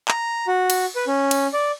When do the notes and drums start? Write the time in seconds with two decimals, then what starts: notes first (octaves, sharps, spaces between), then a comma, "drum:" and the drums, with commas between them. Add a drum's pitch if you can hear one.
0.08 A#5, drum: clap
0.47 F#4
0.70 drum: cymbal
0.96 B4
1.07 C#4
1.31 drum: cymbal
1.53 D5